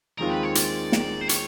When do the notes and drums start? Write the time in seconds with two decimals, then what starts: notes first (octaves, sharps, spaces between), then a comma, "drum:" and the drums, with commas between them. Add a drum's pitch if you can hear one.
0.18 D#2 D#3 G#3 C4 F4 A#4
0.30 B4
0.43 C#5
0.55 D5, drum: hi-hat
0.92 drum: snare
1.21 C5
1.29 C#5, drum: hi-hat